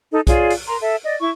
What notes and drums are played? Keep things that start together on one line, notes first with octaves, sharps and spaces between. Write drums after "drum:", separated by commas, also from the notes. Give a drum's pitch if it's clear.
D#4 A4
F4 G#4 C#5 D5, drum: kick B1, hi-hat
drum: open hi-hat
A#4 A#5 C6
A4 E5
D5 D#5
E4 C#6